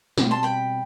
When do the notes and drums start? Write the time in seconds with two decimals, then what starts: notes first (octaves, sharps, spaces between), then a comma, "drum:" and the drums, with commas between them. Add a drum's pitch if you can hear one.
0.18 B2 G3 C4, drum: snare
0.31 A5 C6
0.43 G5 B5